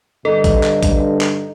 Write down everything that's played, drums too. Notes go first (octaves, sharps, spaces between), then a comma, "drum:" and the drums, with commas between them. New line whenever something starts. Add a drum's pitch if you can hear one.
G2 D3 D#4 A4
drum: kick A1, hi-hat
drum: clap
drum: kick A1, hi-hat
drum: clap